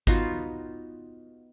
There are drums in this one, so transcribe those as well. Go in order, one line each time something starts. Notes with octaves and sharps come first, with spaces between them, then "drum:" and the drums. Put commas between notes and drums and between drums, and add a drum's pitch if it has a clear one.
B3 D#4 F4 F#4, drum: kick G#1